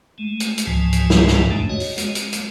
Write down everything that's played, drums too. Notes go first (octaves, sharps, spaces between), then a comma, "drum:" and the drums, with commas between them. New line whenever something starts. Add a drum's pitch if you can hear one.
G#3 A3
drum: hi-hat
drum: hi-hat
C#2 G#2 E3 F3 G#5 A5
drum: hi-hat
drum: snare
drum: snare
E2 G#2 D3 G#3 A3 D4
F#4 C#5 D#5 F#5
drum: open hi-hat
G#3, drum: hi-hat
drum: hi-hat
drum: hi-hat